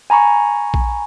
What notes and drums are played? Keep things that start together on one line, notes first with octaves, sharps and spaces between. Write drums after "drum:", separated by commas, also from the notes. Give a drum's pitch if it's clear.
G#5 A#5 B5 C#6
drum: kick A#1